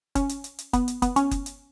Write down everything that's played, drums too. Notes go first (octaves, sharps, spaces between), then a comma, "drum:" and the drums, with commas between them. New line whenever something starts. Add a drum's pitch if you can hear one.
C#4, drum: kick F#1, hi-hat
drum: hi-hat
drum: hi-hat
drum: hi-hat
B3, drum: kick F#1, hi-hat
drum: hi-hat
B3, drum: kick F#1, hi-hat
C#4, drum: hi-hat
drum: kick F#1, hi-hat
drum: hi-hat